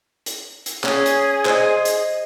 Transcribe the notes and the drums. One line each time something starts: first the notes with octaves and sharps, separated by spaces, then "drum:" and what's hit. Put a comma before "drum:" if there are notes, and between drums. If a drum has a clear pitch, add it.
drum: hi-hat
drum: hi-hat
C#4 G#4, drum: clap
drum: hi-hat
C5 D#5, drum: clap
drum: hi-hat